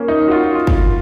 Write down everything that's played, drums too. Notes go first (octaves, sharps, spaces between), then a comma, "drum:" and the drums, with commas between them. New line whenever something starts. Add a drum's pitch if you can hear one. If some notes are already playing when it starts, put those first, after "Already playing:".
Already playing: A#3 C#4
D#4
F#4
F4
F4
drum: kick